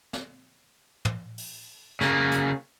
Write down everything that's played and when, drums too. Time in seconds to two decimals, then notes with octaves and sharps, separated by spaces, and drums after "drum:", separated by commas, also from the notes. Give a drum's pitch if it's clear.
0.13 drum: snare
1.05 drum: tom
1.38 drum: open hi-hat
2.01 C#3 A#3, drum: snare
2.32 drum: hi-hat